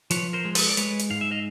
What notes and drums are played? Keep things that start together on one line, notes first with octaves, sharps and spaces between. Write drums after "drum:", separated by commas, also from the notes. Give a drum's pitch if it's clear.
F3 B4 C#5, drum: hi-hat
A#4 C5
G#3
A4 B4, drum: open hi-hat
D5
G#3 B4 C#5, drum: hi-hat
drum: hi-hat
G#2 F5
E5
D#5 F5